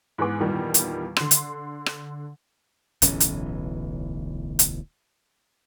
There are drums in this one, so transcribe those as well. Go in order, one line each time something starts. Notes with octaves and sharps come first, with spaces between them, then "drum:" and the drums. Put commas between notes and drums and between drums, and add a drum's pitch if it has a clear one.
G#2 E3 G#3 B3 G#4 D6
E2 A#2 D#3 G3 A#3
drum: hi-hat
D3 C6, drum: rim click
drum: hi-hat
drum: rim click
D1 B1 E3 C#4, drum: hi-hat
drum: hi-hat
drum: hi-hat